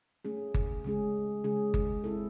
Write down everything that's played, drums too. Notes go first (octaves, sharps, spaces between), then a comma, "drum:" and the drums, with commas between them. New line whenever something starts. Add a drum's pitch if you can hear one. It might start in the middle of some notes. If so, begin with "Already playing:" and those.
A3 C#4 G#4
drum: kick G1
C#3 G#3 C#4 G#4
C#3 G#3 C#4 G#4
drum: kick G1
C#3 G#3 C4 E4 A4